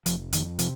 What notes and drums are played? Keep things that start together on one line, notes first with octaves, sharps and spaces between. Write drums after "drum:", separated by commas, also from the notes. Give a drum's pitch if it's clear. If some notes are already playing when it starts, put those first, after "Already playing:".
F1 F3, drum: hi-hat
F2 D#3, drum: hi-hat
C3 F3, drum: hi-hat